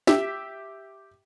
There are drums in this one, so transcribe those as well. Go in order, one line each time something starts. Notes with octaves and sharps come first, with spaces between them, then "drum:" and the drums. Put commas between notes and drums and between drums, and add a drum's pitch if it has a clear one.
G4 E5, drum: snare